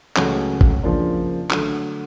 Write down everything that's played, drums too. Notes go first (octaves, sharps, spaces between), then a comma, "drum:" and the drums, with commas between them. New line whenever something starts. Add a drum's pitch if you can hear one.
C#2 C#3 F#3 A3 C#4, drum: clap
drum: kick G#1
C#3 F3 A#3 D4
D3 F#3 A3, drum: clap